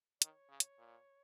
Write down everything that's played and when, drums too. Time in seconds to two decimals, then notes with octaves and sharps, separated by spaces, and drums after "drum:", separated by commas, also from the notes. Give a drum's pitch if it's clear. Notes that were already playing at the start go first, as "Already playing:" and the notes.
0.22 D#3 C#5, drum: hi-hat
0.49 C#3
0.60 drum: hi-hat
0.78 A#2